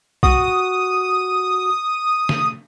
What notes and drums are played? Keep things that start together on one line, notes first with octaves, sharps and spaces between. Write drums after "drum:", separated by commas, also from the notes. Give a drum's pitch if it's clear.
F#4 D#6, drum: kick B1
drum: snare